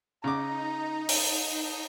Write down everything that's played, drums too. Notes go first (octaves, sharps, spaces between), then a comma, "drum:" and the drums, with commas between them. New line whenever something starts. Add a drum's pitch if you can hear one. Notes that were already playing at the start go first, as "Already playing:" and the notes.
C#3 D#4 A#5 D6
drum: open hi-hat